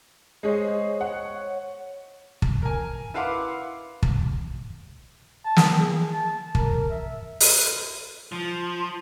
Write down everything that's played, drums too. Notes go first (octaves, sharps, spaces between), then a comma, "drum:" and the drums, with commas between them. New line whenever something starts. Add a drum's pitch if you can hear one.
G#3 G#4 C5 C#5 D#5
C#5 F#5
drum: kick
A#4 G#5
E4 B4 F5 F#5 C6 D6
drum: kick
A5
drum: snare
G#4
A5
A#4, drum: kick
E5
drum: open hi-hat
F3